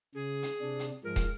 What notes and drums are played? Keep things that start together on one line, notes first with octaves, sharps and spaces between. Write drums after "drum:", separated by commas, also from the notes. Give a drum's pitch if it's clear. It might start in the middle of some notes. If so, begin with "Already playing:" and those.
C#3 G#4
drum: hi-hat
C3 D4
drum: hi-hat
G#2 F3 G#3 A#4
drum: kick, hi-hat